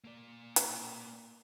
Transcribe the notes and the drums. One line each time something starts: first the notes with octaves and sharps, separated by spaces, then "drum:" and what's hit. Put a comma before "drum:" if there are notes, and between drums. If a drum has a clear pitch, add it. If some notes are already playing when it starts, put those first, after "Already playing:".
A#3 D5
drum: hi-hat